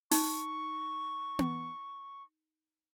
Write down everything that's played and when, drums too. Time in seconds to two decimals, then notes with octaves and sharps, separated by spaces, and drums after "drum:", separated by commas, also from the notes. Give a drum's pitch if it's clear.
0.11 D#4 C#6, drum: open hi-hat
1.39 drum: tom B3